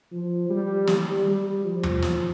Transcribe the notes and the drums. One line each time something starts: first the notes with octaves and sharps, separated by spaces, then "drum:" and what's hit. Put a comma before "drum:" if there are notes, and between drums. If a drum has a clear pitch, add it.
F3
G3
G3, drum: snare
G3
F3
drum: tom
drum: snare